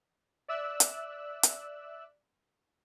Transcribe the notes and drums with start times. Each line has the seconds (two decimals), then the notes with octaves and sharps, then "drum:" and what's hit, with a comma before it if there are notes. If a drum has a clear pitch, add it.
0.48 D5 E5 E6 F#6
0.80 drum: hi-hat
1.43 drum: hi-hat